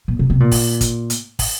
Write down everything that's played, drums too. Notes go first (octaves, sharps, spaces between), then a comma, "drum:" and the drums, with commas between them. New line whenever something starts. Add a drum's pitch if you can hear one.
A#2
C3
C3
A#2
drum: kick, open hi-hat
drum: kick, hi-hat
drum: hi-hat
drum: kick, open hi-hat